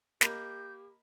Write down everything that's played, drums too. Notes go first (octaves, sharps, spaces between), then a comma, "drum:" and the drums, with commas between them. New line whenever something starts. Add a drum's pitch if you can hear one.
A#3 G4 D#5 A#5 B5 G6, drum: snare